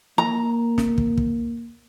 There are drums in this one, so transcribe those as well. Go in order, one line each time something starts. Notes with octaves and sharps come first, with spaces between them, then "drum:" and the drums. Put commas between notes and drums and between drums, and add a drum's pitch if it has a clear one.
A#3 A#5
drum: snare
drum: kick
drum: kick